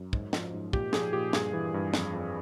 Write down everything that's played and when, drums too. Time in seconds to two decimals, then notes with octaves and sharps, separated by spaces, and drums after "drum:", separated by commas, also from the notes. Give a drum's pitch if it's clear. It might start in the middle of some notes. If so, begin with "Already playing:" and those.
Already playing: F#2
0.13 G#2, drum: kick
0.33 F3, drum: snare
0.53 G#2
0.73 A#2 G4, drum: kick
0.93 F3 G#4, drum: snare
1.13 A#2 G4
1.33 G2 G#4, drum: snare
1.53 E3
1.74 G2
1.94 F2, drum: snare
2.13 F2